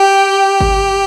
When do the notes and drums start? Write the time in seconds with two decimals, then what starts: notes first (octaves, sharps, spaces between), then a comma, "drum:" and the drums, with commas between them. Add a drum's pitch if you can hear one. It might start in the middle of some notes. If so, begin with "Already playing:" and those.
Already playing: G4 G5
0.61 drum: kick G1